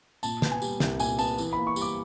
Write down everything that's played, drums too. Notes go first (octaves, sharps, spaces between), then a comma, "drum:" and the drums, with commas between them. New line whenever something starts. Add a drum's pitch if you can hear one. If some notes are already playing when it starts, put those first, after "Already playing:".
A#2 A5, drum: tambourine
B3, drum: snare
G#5
G3, drum: tambourine
C2, drum: snare
A#2 G#5, drum: tambourine
B3 A5, drum: tambourine
E3, drum: tambourine
A#3 B5
C#6
G3, drum: tambourine
D6